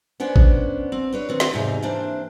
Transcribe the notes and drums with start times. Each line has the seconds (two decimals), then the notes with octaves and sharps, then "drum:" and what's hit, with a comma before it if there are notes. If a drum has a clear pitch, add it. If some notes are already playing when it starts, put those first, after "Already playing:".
0.20 B3 C#4 D4 C5
0.36 drum: kick G#1
0.92 C4
1.13 D4 B4 C#5
1.29 D#3 C4
1.40 drum: snare
1.53 E2 G#2 C3 D#4 F5
1.82 E3 A#3 C4 D4 C5